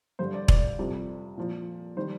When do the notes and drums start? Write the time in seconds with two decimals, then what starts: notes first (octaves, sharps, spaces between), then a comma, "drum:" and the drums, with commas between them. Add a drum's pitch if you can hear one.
0.19 G2 D3 G3 C5
0.34 D5
0.48 D5, drum: kick E1
0.79 F2 C3 G3
1.38 A#2 F3
1.97 D#3 G3 C5